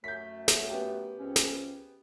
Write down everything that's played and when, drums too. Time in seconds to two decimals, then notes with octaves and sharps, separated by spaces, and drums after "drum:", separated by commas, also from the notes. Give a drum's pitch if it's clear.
0.04 F#2 A3 G6 B6
0.48 drum: snare
0.70 B3 G4
1.19 C#2 C4 C#4
1.36 drum: snare